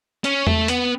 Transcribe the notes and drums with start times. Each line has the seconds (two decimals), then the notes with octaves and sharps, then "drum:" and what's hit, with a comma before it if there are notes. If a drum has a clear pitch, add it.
0.24 C#4, drum: hi-hat
0.47 A3, drum: tom E2
0.68 B3, drum: hi-hat